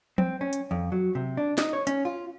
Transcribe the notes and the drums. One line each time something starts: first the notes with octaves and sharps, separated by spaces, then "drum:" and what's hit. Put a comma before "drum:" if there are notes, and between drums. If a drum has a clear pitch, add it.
C4, drum: tom
C#4
drum: hi-hat
F2
F#3
C3
D4
D#4, drum: snare
C#5
C#4, drum: hi-hat
F4